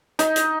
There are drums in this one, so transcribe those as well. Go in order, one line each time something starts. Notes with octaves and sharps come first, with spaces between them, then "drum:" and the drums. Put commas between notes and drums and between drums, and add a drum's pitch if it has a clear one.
D#4, drum: hi-hat
drum: hi-hat